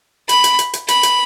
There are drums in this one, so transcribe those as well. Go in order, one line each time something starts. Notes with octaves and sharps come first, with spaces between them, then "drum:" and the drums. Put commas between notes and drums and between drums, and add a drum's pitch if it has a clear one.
B5, drum: hi-hat
drum: hi-hat
drum: hi-hat
drum: hi-hat
B5, drum: hi-hat
drum: hi-hat